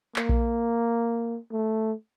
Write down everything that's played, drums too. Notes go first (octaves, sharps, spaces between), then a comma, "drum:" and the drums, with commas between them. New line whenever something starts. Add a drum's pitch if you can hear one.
A#3, drum: clap
drum: kick A#1
A3